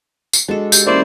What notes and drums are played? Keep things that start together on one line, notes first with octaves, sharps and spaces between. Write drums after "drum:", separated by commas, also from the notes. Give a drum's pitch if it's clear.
drum: tambourine
G#3 D4 F#4 A4
G4, drum: tambourine
E3 A#3 C#4 E4 C5 D5